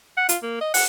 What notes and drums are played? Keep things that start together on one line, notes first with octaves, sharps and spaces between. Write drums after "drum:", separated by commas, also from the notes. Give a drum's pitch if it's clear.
F#5
F4, drum: hi-hat
A#3
D#5
F#5, drum: open hi-hat